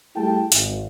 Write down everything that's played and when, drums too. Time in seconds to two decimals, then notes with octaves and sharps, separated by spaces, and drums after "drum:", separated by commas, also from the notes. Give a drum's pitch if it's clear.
0.16 G3 A3 E4 G#4 G5 A5
0.52 G#1, drum: hi-hat